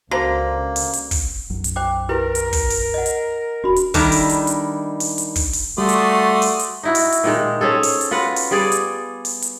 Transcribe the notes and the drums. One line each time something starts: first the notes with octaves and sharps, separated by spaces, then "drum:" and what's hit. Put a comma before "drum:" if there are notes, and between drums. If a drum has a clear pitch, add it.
C#2 D3 A#3 F#4 C5 A#5
drum: open hi-hat
drum: hi-hat
drum: kick, open hi-hat
B1 F#2 F#3
drum: hi-hat
C5 G5 D6
E4 G4 A#4 B4
drum: hi-hat
drum: kick, open hi-hat
drum: open hi-hat
D#5 F#5
drum: hi-hat
D#1 D4 F#4 B5
drum: hi-hat
D#3 G3 D4 E4 A#4, drum: kick, open hi-hat
drum: open hi-hat
drum: hi-hat
drum: hi-hat
drum: open hi-hat
drum: hi-hat
drum: kick, open hi-hat
drum: open hi-hat
G3 A3 F#4 D5 C6 D#6
drum: hi-hat
drum: open hi-hat
drum: hi-hat
D#4 E4 F#4
drum: open hi-hat
drum: hi-hat
A#2 D#3 G#3
C4 C#4 G#4 A4
drum: open hi-hat
drum: hi-hat
F4 F#4 B4 F#5
drum: open hi-hat
G3 B3 G#4 D5
drum: hi-hat
drum: open hi-hat
drum: hi-hat